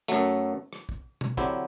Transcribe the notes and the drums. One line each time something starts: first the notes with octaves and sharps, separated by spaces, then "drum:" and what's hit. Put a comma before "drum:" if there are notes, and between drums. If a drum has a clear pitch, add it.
F#2 F#3 A3
drum: rim click
drum: kick
drum: tom
D3 F#3 C4 E4 G4, drum: kick